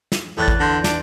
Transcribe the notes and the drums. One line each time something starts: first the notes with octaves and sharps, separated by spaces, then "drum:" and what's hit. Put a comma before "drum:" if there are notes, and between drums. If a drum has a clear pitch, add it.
drum: snare
E2 A2 F#6 A6
drum: kick
D3 C6 G6 A#6
D4, drum: snare